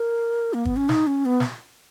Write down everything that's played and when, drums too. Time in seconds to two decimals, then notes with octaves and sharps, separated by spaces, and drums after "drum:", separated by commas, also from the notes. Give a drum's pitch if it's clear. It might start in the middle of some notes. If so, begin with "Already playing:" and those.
Already playing: A#4
0.54 A#3
0.65 B3, drum: kick
0.76 C#4
0.89 D#4, drum: snare
1.07 C#4
1.25 B3
1.40 drum: snare